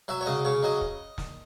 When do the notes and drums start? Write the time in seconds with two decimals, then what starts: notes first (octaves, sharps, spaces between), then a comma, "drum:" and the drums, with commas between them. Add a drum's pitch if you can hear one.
0.08 F#3 E5
0.21 C#5
0.26 C#3 D#5
0.45 C#3 C#5
0.63 F#3 D#5
0.81 drum: kick
1.18 drum: snare